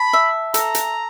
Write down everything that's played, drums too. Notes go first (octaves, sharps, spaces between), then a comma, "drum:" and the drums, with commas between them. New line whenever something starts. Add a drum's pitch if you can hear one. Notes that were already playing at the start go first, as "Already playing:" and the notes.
Already playing: A5 B5
E5
A4 A#5, drum: hi-hat
drum: hi-hat